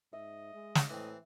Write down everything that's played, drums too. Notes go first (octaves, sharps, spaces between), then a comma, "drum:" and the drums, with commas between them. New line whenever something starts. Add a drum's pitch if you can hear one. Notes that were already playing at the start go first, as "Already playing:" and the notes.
G#2 D#5 E5
G#3
drum: snare
A2 E3 C4